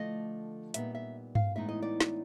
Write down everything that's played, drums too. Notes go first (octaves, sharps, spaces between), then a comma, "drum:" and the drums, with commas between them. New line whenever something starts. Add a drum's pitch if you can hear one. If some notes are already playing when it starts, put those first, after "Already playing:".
Already playing: D3 F3 A3 D#5
A#2 G3 B3 D#4 E5, drum: hi-hat
E5
F5, drum: tom G2
A2 E3 G#3 B3 D#4 E5
D#5
D5
drum: snare